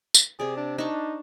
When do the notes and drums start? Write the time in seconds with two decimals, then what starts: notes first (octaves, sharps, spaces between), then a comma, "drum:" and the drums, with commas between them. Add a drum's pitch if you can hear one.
0.15 drum: tambourine
0.39 C3 G#4 D5
0.57 D4
0.78 D4 D#4 C#6